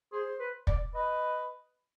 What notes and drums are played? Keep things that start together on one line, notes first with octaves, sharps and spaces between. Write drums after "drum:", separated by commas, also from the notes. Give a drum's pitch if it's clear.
G#4 C5
B4
D5, drum: kick
B4 D#5